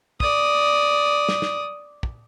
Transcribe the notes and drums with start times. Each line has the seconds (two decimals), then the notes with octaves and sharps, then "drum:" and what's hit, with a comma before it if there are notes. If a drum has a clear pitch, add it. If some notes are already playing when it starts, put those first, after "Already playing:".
0.20 D5 D#6, drum: kick
1.29 drum: snare
1.42 drum: snare
2.03 drum: kick